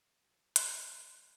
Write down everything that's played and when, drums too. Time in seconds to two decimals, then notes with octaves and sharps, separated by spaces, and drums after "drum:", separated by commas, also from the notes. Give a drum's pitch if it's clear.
0.09 F#3 A3 F4
0.56 drum: hi-hat